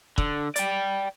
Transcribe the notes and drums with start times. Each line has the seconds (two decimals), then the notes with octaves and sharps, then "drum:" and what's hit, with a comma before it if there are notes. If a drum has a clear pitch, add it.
0.18 D3, drum: kick
0.56 D5 G5, drum: hi-hat